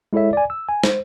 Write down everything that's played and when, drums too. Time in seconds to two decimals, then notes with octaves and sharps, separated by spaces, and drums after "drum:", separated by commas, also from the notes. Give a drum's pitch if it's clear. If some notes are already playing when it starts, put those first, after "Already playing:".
0.13 G#3 E4 A4 C#5 E5
0.33 D5 G#5
0.50 E6
0.69 G#5
0.84 C5, drum: snare